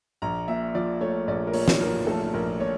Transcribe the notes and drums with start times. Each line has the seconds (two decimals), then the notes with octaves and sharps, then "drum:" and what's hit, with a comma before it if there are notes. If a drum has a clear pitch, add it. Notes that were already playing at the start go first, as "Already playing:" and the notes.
0.22 A#1 A#5
0.48 A#2 E5
0.75 F3 D5
1.01 A3 C#5
1.27 A#1 D5
1.47 A#4
1.54 A#2 C#5, drum: open hi-hat
1.68 drum: snare
1.80 F3 A#4
2.07 A3 A4
2.33 A#1 A#4
2.60 A#2 C#5